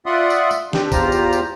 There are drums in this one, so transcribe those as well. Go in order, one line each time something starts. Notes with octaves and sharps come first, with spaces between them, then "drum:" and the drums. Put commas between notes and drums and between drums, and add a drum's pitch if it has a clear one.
F4 D5 E5 F#5 C6 D#6
drum: tambourine
drum: tambourine
C4 D4 G4, drum: snare
E2 F4 G4 C5 A#5, drum: kick, tambourine
drum: tambourine
drum: tambourine